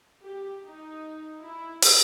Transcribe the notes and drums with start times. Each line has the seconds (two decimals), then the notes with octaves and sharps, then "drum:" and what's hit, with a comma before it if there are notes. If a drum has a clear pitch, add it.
0.24 G4
0.64 D#4
1.40 E4
1.82 drum: open hi-hat